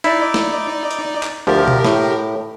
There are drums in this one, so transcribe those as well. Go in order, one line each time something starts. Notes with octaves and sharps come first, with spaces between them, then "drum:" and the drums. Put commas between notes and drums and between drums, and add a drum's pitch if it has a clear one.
D#4 E4 D5, drum: hi-hat
drum: snare
drum: hi-hat
drum: clap
D2 F3 G4 A#4
drum: tom B2
A2, drum: snare